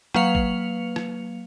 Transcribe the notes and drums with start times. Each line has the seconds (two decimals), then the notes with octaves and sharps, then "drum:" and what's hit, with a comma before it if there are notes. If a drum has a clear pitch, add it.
0.14 F#3 A#3 B4 F5 C#7 F7, drum: rim click
0.35 drum: kick
0.96 drum: rim click